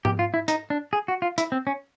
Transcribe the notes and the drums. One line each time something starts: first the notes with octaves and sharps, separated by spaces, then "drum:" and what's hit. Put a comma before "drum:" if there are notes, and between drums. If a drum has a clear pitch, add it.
G4, drum: tom G#2
F4
E4
D#4, drum: hi-hat
D4
G#4
F#4
F4
E4, drum: hi-hat
C4
C#4